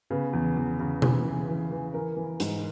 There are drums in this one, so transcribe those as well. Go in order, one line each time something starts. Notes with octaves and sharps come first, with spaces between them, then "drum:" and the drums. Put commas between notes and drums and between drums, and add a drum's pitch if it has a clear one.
C#3 B3
E2
E2
C#3
E3, drum: tom B2
E3
E3
E3
E3 A#4
E3
G#2, drum: hi-hat